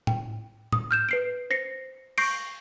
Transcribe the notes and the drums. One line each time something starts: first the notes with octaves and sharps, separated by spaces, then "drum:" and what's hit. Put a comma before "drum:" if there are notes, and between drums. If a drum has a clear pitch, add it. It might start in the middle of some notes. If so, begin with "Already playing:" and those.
G5, drum: tom A2
D#6, drum: tom A2
F6 G6 E7
B4 C7 D7
C5 A#6 C7 C#7
C#6 G6 A#6 C7 D7, drum: cymbal